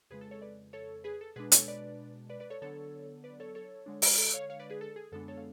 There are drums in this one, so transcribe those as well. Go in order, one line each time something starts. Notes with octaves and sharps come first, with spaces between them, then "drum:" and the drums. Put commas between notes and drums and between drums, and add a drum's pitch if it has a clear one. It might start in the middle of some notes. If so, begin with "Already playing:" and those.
F2 C#3 G#3 G#4 B4
A4
A4 C#5
B4 D5
A4 C#5
G#4 B4
A4
B2 G#3 D4 G#4 B4
A4 C#5, drum: hi-hat
B4 D5
B4 D5
B4 D5
A4 C#5
D3 F#3 B3 D4 A4 C#5
B4 D5
A4 C#5
A4 C#5
D3 G#3 D4
drum: open hi-hat
A4 C#5
C#5 F5
C#5 F5
B4 D5
G#4 B4
A4
G#4
F#2 D3 G#3 B3 D4 A4
A4 C#5
F5